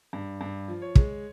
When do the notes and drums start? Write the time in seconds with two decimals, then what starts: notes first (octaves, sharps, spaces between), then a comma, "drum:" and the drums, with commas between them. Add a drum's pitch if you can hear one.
0.13 G2
0.41 G2
0.68 F3
0.82 C#5
0.95 G#3, drum: kick